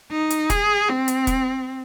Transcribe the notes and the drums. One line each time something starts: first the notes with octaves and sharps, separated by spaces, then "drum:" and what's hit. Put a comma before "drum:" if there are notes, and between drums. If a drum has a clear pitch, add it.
D#4
drum: hi-hat
G#4, drum: kick E1, hi-hat
C4
drum: hi-hat
drum: kick E1, hi-hat